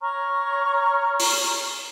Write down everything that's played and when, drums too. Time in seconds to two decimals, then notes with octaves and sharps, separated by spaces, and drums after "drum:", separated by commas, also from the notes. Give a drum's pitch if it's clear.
0.01 C#5 A#5 C#6 F6
1.20 drum: open hi-hat